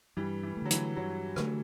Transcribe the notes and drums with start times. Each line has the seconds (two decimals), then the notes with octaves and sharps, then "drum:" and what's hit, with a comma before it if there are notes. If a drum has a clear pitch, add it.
0.17 G2 E3 G3
0.43 E3
0.57 A3
0.62 D3 F#3
0.71 E3, drum: hi-hat
0.96 G2 F#3
1.36 D3 A3, drum: rim click